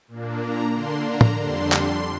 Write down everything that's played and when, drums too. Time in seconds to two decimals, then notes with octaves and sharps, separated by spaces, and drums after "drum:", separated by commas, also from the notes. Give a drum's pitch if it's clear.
0.08 A#2 A#3 D4
0.41 A#5
0.73 D3 A#3 D4 C6
1.06 A#5
1.21 drum: tom
1.39 F2 D3 G3 D4 C6
1.72 drum: clap